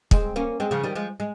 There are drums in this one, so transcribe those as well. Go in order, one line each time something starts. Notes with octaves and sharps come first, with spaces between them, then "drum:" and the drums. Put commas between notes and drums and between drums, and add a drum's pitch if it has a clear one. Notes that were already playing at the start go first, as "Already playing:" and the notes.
G#3 C4, drum: kick
A#3 C#4
G#3 C4
C#3 F3
D#3 G3
F3 G#3
G#3